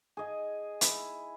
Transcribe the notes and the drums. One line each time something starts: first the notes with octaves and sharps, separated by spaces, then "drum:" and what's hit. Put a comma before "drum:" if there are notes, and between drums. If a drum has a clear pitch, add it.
G#4 D#5
E4, drum: hi-hat